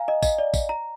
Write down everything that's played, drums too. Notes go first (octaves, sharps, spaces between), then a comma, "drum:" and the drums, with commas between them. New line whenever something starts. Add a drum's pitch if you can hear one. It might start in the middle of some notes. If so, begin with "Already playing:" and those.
Already playing: F5 G#5 A#5
D#5
D#5, drum: kick, tambourine
D5
drum: kick, tambourine
A#5